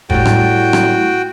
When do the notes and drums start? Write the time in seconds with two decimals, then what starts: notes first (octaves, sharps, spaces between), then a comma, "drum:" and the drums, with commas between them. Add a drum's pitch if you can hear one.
0.10 A2 G3 F#4 G5, drum: kick
0.25 drum: rim click
0.73 drum: rim click